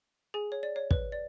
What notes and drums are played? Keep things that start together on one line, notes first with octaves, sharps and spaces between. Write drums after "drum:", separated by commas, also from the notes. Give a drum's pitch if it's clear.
G#4 G#5
C#5
D5
C#5
B4, drum: kick
D5